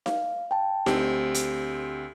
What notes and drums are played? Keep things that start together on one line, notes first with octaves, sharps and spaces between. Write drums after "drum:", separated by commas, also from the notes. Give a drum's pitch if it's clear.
F5, drum: snare D#4
G5 A5
D2 C4 G4, drum: snare D#4
drum: hi-hat